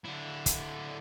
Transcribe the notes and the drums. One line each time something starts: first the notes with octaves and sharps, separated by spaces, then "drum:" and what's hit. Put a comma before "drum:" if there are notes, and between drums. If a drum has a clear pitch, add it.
D3 E4
drum: kick, hi-hat